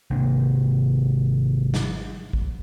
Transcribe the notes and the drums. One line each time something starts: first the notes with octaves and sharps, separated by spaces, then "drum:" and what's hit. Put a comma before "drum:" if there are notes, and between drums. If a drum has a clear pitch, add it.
G#1 C3 A#3 D4
drum: snare
drum: kick G#1